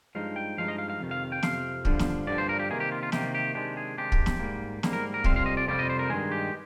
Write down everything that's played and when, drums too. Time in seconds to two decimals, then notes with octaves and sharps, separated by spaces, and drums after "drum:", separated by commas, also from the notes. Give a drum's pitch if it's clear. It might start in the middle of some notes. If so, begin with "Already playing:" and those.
0.15 G2 F3 G#3 D#4 F5
0.36 G5
0.58 G2 F3 G#3 D#4 F5
0.68 D#5
0.78 F5
0.90 F5
1.00 F2 C3 D#3
1.11 F5
1.32 G5
1.43 F2 C3 F5, drum: snare
1.85 G2 D3 F3, drum: kick
1.99 drum: snare
2.27 G2 D3 F3 D5
2.38 C5
2.49 A#4
2.60 G4
2.70 C3 D#3 A#3 G#4
2.80 G4
2.92 F4
3.03 F4
3.12 C3 D#3 A#3 G4, drum: snare
3.35 G4
3.55 C3 D#3 G#3 D4 G4
3.77 G#4
3.97 C3 D#3 G#3 D4 G4
4.12 drum: kick
4.26 drum: snare
4.40 G#2 G3 A#3
4.83 G#2 G3 A#3, drum: snare
4.93 A#4
5.14 A#4
5.24 F2 C3 G3 C4 F4 F5, drum: kick
5.36 F5
5.46 D#5
5.57 D5
5.67 F2 C3 G3 C4 F4 D5
5.79 D#5
5.90 C5
5.99 A#4
6.09 G2 D#3 G#3 G#4
6.32 G4